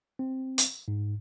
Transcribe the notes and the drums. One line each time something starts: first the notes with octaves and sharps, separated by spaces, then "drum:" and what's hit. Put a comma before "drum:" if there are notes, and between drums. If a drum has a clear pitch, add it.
C4
drum: hi-hat
G#2